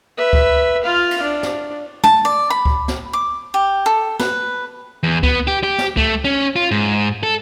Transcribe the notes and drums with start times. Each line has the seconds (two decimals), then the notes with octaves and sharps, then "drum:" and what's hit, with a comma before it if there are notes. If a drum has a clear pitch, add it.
0.18 B4 E5
0.33 drum: kick C#2
0.83 F4 F5
1.11 drum: cymbal
1.23 D4
1.43 drum: snare
2.04 A5, drum: tom
2.25 D5
2.50 B5
2.65 drum: kick C#2
2.88 drum: snare
3.13 D6
3.54 G4
3.86 A4
4.19 B4, drum: snare
5.03 E2
5.23 B3, drum: kick C#2
5.47 G4
5.63 G4
5.78 drum: snare
5.97 A3, drum: kick C#2
6.25 C#4
6.56 F4
6.71 G#2
7.23 A4